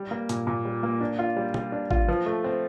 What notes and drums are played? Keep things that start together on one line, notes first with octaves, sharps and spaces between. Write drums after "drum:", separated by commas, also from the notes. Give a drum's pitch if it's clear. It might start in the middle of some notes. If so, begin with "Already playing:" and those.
Already playing: G3
A#3
A#2, drum: hi-hat
A#2
G3
A#3
D4
F4
G3
G3, drum: tom
D4
F4, drum: kick G#1
F3
A3
C4